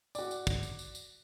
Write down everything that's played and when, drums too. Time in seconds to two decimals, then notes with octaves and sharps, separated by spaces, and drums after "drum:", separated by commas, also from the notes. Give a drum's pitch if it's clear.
0.15 F#4 D5, drum: tambourine
0.31 drum: tambourine
0.47 drum: kick, tambourine
0.63 drum: tambourine
0.79 drum: tambourine
0.95 drum: tambourine